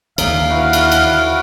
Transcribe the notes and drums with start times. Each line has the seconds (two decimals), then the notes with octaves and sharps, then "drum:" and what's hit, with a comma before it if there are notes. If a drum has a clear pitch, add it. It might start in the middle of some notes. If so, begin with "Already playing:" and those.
0.18 D#2 D3 D#4 E5 F5, drum: cymbal
0.50 E4 F#4 B4 F#5
0.73 drum: cymbal
0.92 drum: cymbal